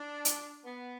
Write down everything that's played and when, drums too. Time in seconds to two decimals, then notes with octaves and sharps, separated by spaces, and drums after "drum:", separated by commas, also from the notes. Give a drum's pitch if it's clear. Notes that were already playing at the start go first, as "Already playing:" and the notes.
Already playing: D4
0.25 drum: hi-hat
0.65 B3